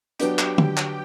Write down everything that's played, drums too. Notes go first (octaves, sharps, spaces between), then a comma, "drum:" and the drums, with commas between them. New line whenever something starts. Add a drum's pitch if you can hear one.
F#3 B3 D4 G4 G5, drum: hi-hat
drum: clap
drum: tom
drum: clap